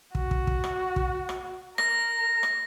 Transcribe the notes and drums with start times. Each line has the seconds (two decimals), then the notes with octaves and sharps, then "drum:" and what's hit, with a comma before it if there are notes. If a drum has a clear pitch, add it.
0.15 F#4, drum: kick
0.31 drum: kick
0.47 drum: kick
0.64 drum: rim click
0.96 drum: kick
1.29 drum: rim click
1.78 A#4 A#6, drum: rim click
2.43 drum: rim click